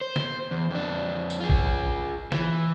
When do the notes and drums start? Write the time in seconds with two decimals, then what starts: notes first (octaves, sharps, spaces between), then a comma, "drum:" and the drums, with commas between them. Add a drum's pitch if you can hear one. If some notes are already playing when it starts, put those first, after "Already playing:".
0.01 C5
0.16 drum: snare
0.51 E2
0.70 F2 D4
1.30 drum: tambourine
1.40 F4 G#4
1.50 drum: kick A1
2.32 E3, drum: snare